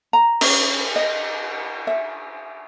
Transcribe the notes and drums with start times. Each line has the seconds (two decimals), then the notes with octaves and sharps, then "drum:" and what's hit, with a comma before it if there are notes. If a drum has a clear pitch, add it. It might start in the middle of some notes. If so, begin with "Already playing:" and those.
0.13 A#5
0.41 C#4, drum: cymbal
0.96 D#5
1.87 E5